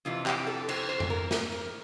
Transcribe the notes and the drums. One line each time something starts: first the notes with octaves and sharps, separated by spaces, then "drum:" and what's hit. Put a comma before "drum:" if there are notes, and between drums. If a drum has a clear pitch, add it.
F2 C3 E3 F4
G4, drum: clap
A4
C5, drum: cymbal
C5
drum: tom F2
A#4
A#4, drum: snare
A#4